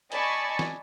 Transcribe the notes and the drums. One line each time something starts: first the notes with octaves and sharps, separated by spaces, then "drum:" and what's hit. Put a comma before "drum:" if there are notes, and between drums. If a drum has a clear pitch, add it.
D5 D#5 G#5 A5 B5 C#6, drum: hi-hat
drum: snare